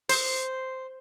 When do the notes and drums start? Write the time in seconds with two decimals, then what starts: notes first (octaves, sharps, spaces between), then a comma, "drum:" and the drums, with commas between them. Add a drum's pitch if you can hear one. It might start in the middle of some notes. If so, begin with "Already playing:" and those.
0.09 C5, drum: open hi-hat